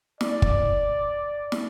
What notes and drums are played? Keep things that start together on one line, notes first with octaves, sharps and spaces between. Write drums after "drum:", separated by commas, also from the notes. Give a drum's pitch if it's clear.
D5, drum: snare
drum: kick
drum: snare